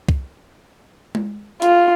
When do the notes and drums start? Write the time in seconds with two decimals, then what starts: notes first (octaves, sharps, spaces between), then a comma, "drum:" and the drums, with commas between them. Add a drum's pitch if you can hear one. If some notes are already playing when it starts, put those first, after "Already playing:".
0.09 drum: kick
1.15 drum: tom G#3
1.62 F4, drum: hi-hat